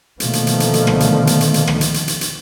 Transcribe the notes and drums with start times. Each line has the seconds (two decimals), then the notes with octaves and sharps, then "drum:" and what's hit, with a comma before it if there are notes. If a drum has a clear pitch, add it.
0.20 B2 D3 D#3 F3 A3 A#3, drum: hi-hat
0.33 drum: hi-hat
0.47 drum: hi-hat
0.60 drum: hi-hat
0.74 drum: hi-hat
0.87 drum: rim click
1.00 drum: hi-hat
1.27 drum: hi-hat
1.41 drum: hi-hat
1.54 drum: hi-hat
1.67 drum: rim click
1.81 drum: hi-hat
1.94 drum: hi-hat
2.08 drum: hi-hat
2.21 drum: hi-hat